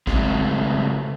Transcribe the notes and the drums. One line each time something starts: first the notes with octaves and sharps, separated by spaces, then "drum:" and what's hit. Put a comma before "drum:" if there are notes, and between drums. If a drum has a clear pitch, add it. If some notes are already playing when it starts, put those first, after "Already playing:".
C#3 F#3 G#3 A3 C4, drum: kick A1